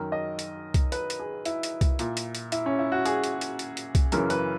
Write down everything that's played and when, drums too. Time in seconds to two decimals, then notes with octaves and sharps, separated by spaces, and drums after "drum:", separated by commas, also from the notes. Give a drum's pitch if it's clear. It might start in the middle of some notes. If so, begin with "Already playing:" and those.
Already playing: F#2 D#3 A#4
0.12 D#5
0.39 drum: hi-hat
0.74 drum: kick C2, hi-hat
0.92 B4, drum: hi-hat
1.10 drum: hi-hat
1.19 G#4
1.45 E4, drum: hi-hat
1.63 drum: hi-hat
1.81 drum: kick C2, hi-hat
1.99 A#2, drum: hi-hat
2.17 drum: hi-hat
2.35 drum: hi-hat
2.52 E4, drum: hi-hat
2.66 C#4
2.79 E4
2.92 F#4
3.06 G#4, drum: hi-hat
3.24 drum: hi-hat
3.41 drum: hi-hat
3.59 drum: hi-hat
3.77 drum: hi-hat
3.95 drum: kick C2, hi-hat
4.12 F#2 C#3 E3 A#4, drum: hi-hat
4.30 B4, drum: hi-hat